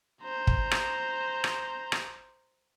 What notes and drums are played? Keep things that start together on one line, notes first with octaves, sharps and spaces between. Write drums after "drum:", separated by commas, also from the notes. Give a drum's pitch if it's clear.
C5 A#5
drum: kick
drum: rim click
drum: rim click
drum: rim click